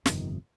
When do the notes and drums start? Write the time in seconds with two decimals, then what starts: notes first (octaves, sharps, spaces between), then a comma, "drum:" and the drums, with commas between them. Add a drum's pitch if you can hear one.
0.06 G1 F2 C3 D#3, drum: snare